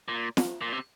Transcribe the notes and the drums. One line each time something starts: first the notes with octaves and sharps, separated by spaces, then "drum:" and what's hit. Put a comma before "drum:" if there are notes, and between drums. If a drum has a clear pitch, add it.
A#2
drum: snare
A#2
C3